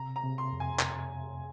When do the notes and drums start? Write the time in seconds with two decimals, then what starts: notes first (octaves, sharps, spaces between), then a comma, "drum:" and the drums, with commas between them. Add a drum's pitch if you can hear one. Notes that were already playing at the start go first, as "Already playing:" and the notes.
Already playing: C3 A#5
0.16 A#5
0.24 C3
0.38 C6
0.53 F2
0.60 G#5
0.79 drum: clap